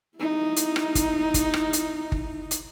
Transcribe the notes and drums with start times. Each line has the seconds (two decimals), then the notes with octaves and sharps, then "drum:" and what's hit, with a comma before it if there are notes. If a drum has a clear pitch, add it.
0.18 D#4 E4
0.56 drum: hi-hat
0.76 drum: rim click
0.95 drum: kick G1, hi-hat
1.34 drum: kick G1, hi-hat
1.54 drum: rim click
1.73 drum: hi-hat
2.12 drum: kick G1
2.51 drum: hi-hat